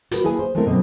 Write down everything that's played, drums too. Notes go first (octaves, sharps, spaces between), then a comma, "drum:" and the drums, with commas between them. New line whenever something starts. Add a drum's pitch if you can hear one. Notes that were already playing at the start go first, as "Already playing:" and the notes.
F#4 G#4 A#4 B4, drum: hi-hat
A#3 E4 G#4 B4 G#5
C5
G#3 A3 B3 C4 E4 A#4
B2 D3 F#3 B3 C4